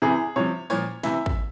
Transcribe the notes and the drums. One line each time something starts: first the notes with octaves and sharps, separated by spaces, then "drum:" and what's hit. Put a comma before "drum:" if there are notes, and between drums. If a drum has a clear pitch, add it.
C3 E3 G#4
C3 F3 C#5
A#2 F3 C#5, drum: tambourine
C3 E3 E5, drum: snare
drum: kick